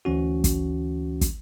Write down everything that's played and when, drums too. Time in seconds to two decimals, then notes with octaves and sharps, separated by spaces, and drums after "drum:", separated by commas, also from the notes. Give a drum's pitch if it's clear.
0.05 D2 E3 C#4 F#4
0.44 drum: kick, hi-hat
1.21 drum: kick, hi-hat